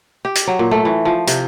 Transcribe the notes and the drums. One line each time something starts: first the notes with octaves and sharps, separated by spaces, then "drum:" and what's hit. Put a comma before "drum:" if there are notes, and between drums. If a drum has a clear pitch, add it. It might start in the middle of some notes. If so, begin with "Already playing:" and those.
G4
drum: hi-hat
F#3
A#2
A3
E3
F3
C3, drum: hi-hat